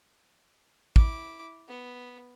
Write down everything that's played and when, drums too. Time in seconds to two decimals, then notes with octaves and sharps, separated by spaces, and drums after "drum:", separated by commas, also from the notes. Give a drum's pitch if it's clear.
0.96 E4 D6, drum: kick
1.68 B3